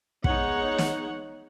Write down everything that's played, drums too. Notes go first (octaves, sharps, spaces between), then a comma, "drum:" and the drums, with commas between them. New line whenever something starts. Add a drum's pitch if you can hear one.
G#3 B3 D#4 C#5 F#5, drum: kick
drum: snare